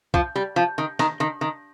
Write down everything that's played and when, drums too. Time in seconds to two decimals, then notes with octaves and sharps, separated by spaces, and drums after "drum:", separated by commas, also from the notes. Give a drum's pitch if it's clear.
0.14 F3, drum: kick
0.36 G3
0.56 F3
0.78 D#3
0.99 D#3, drum: snare
1.20 D#3
1.41 D#3